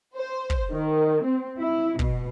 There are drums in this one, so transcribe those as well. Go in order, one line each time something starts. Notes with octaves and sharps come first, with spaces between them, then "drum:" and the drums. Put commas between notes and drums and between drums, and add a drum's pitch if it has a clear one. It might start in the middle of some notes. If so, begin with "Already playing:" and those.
C5
drum: kick
D#3
C4
E4
B2, drum: kick